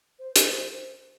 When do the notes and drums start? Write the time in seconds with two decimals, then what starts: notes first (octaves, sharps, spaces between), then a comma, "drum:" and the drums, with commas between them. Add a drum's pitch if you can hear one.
0.19 C5
0.36 C5, drum: hi-hat
0.51 C5